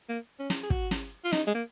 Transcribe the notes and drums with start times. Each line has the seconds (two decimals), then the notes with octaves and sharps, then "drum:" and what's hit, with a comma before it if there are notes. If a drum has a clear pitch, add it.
0.09 A#3
0.40 C#4
0.50 drum: snare
0.63 G#4
0.70 F#4, drum: kick
0.91 drum: snare
1.25 F4
1.32 D#4, drum: snare
1.47 G#3
1.55 A#3